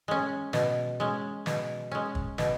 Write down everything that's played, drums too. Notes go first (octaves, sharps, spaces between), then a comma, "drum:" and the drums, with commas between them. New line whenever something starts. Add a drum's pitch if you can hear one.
G#3 C#4
B2, drum: snare
G#3 C#4
B2, drum: snare
G#3 C#4
drum: kick
B2, drum: snare